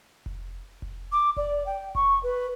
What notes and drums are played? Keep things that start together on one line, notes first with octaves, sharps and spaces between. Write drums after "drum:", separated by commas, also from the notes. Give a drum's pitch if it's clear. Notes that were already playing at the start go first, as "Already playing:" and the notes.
drum: kick F1
drum: kick F1
D6
D5, drum: kick F1
G5
C#6, drum: kick F1
B4